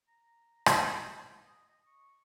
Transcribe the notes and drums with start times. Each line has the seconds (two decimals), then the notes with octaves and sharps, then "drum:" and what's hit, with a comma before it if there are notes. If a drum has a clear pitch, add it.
0.08 A#5
0.66 A#5, drum: rim click
1.45 D#5
1.69 D#5
1.87 C#6